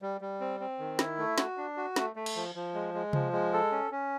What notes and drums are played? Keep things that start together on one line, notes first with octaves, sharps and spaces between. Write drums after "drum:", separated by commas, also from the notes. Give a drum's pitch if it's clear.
G3
G3
C4
C4
D#3
E4, drum: snare
A3
F#4, drum: snare
D4
F#4
A3, drum: snare
A3
drum: cymbal
F3
F3
G#3
G#3
F3, drum: tom C3
G#3
A4
C#4
C#4